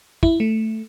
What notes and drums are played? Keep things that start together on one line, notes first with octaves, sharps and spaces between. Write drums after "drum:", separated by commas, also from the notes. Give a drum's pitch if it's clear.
E4, drum: kick
A3